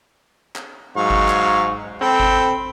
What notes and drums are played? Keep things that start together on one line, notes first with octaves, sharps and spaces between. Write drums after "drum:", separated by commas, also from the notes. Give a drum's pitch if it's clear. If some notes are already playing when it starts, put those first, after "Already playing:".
drum: clap
G#2 F#3 F5 C#6
drum: kick G1
drum: clap
C4 A4 G5 B5
drum: kick G1